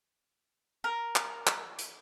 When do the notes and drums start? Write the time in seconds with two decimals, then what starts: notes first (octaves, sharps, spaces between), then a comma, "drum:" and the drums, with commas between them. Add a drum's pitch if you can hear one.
0.84 A#4
1.16 drum: clap
1.47 drum: clap
1.79 drum: hi-hat